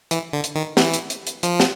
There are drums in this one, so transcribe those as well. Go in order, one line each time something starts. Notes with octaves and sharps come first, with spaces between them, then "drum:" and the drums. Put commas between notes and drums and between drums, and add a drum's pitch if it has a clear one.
E3, drum: hi-hat
D3
drum: hi-hat
D#3
E3, drum: snare
drum: hi-hat
drum: hi-hat
drum: hi-hat
F3, drum: hi-hat
drum: snare